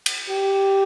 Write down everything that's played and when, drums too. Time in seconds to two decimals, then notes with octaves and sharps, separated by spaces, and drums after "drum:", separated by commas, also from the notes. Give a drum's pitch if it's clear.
0.06 drum: cymbal
0.29 G4